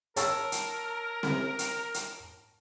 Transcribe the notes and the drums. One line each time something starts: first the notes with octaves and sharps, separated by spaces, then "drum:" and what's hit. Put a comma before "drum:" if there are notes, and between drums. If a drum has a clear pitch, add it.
A#4 C#5 A5 E6, drum: hi-hat
drum: hi-hat
drum: snare C4
drum: hi-hat
drum: hi-hat